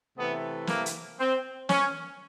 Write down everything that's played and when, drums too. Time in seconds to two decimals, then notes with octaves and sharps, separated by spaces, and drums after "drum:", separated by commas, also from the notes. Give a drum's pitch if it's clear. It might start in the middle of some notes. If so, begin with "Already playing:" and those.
0.17 C3 E3 A3 B3
0.67 A#3, drum: snare
0.86 drum: hi-hat
1.19 C4
1.69 C#4, drum: snare